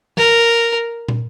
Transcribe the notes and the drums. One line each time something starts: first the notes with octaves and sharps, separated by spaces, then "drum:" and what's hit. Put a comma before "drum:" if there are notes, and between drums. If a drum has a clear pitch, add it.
A#4, drum: snare
drum: tom